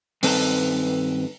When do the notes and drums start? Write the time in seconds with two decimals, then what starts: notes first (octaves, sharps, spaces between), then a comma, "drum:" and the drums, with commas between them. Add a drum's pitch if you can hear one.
0.23 G2 D#3 C4 A4 B4 A5, drum: open hi-hat